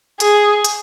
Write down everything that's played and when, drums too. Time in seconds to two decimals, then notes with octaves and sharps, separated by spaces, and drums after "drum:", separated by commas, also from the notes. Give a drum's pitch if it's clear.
0.20 G#4, drum: hi-hat
0.64 drum: hi-hat